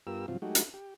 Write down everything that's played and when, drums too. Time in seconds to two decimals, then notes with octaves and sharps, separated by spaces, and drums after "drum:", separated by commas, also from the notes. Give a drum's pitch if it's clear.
0.07 G2 B3 F4 G4 A#4 E6
0.28 G2 C3 F3 F#3 C4 F4
0.42 F#3 G#3 A3 D#4 F#4 G4
0.55 drum: hi-hat
0.74 G4